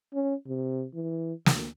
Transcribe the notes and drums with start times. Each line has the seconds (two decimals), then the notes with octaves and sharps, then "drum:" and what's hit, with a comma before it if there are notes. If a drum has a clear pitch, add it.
0.13 C#4
0.47 C3
0.94 E3
1.46 D2, drum: snare